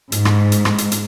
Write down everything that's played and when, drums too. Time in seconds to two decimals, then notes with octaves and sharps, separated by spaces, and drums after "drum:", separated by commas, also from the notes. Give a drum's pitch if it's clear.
0.12 G#2, drum: hi-hat
0.25 drum: rim click
0.52 drum: hi-hat
0.65 drum: rim click
0.78 drum: hi-hat
0.92 drum: hi-hat